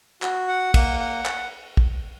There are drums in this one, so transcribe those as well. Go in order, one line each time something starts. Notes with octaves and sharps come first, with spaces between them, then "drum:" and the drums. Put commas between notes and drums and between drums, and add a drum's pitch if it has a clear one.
F#4, drum: clap
F#5
A#3, drum: kick, cymbal
F#5
drum: clap
drum: kick